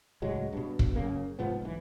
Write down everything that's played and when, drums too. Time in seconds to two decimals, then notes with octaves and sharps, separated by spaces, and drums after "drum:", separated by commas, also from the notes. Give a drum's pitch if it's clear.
0.22 C#2 A2 F#3 G#3
0.53 G2 B2
0.79 drum: kick
0.95 F#2 C#3 A#3
1.39 F1 G#2 F3 B3
1.62 B1 E3